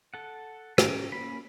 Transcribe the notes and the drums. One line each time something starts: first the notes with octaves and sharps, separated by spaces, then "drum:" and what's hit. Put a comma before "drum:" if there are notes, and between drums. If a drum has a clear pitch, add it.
A4 F#5
C#4 G4 A#4, drum: rim click
A#3 C#4 B5